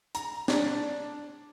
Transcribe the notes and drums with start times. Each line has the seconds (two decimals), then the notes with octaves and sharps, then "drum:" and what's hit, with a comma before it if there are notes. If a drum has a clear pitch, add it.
0.15 A#5, drum: hi-hat
0.48 D4, drum: snare